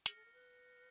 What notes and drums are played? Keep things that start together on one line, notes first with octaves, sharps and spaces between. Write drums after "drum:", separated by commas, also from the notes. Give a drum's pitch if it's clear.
G#4 F6 A#6 C#7, drum: hi-hat
A4
A#4
B4